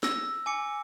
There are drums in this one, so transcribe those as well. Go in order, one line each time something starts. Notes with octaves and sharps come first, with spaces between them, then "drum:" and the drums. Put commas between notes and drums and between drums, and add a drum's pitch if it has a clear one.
E6 A#6, drum: snare
G#5 D6 C#7